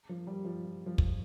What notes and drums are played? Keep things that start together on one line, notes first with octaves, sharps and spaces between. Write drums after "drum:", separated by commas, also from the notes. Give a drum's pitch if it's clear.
F3
G3
F3
F3
drum: kick